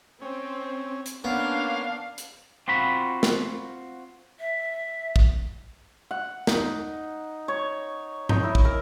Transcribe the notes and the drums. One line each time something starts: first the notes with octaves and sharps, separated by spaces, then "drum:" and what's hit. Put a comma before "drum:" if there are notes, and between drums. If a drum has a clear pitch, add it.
C4 C#4
drum: hi-hat
A#3 B3 C#4 D4 F5
drum: hi-hat
C4 F4 F#4 B5
drum: snare
E5
drum: kick
F#5
D#4, drum: snare
C#5
D#4, drum: tom G2
E4
drum: kick
A#4